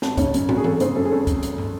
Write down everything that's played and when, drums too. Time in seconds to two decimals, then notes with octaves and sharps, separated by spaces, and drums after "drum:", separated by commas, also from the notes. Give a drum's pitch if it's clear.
0.02 G#1 A5, drum: snare
0.17 C#3 C#5, drum: kick, hi-hat
0.34 F#2, drum: hi-hat
0.49 G#1 F#4, drum: tom
0.57 G#4
0.64 G#1 A4, drum: tom E3
0.80 C#3 C5, drum: hi-hat
0.96 F#2 A4
1.05 G#4
1.11 G#1 A4
1.27 drum: kick, hi-hat
1.43 drum: hi-hat
1.58 drum: tom